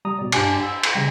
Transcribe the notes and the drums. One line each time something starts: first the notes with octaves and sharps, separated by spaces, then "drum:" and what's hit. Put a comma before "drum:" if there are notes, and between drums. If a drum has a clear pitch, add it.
G3 A#5 D#6
B2 D5
G2 D4 G4 G#5 D6, drum: cymbal
E6
drum: cymbal
C#3 G3 G5 A#6